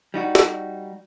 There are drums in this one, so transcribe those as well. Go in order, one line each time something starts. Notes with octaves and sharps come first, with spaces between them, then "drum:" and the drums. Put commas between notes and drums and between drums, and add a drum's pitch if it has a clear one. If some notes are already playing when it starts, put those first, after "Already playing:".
G3 D#4 F#4
drum: snare